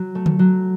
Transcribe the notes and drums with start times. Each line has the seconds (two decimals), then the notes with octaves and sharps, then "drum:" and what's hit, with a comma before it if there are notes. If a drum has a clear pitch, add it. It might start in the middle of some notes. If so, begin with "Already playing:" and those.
Already playing: F#3
0.15 A3
0.26 drum: tom D3
0.39 F#3